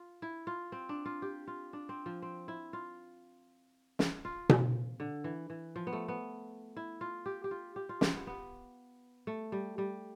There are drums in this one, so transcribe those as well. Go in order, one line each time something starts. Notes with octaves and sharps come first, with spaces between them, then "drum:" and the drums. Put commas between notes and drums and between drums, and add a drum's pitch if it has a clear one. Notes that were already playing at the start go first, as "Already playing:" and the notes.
Already playing: F4
E4
F4
C4
D4
F4
G4
F4
D4
C4
F3
C4
E4
F4
drum: snare
F4
drum: tom B2
D3
E3
E3
F3
B3
A3
B3
E4
F4
G4
G4
F4
G4
F4
G4, drum: snare
B3
B3
A3
G3
G3